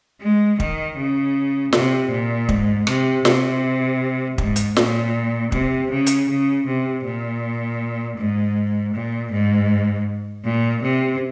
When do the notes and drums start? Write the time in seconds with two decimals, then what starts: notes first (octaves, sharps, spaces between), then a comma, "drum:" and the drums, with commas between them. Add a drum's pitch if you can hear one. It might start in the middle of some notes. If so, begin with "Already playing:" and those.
0.21 G#3
0.60 D#3, drum: kick
0.97 C#3
1.73 C3, drum: snare
2.11 A#2
2.49 G#2, drum: kick
2.87 C3, drum: rim click
3.25 C3, drum: snare
4.38 G#2, drum: kick
4.56 drum: hi-hat
4.76 A#2, drum: snare
5.52 C3, drum: kick
5.90 C#3
6.06 drum: hi-hat
6.28 C#3
6.66 C3
7.04 A#2
8.18 G#2
8.94 A#2
9.32 G#2
10.45 A#2
10.82 C3